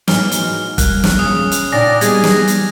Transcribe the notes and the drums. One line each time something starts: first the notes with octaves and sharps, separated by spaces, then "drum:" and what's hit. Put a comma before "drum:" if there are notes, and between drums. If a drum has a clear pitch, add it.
G#2 E3 F#3 F6, drum: snare
drum: hi-hat
G2 G3 A#3 F#6, drum: kick, hi-hat
drum: snare
C#3 D#6
drum: hi-hat
A#2 D4 D#4 D5 G5 G#5 A#6
G3 A#3 B3 D#4 G4 G#4 A#6, drum: hi-hat
drum: snare
drum: hi-hat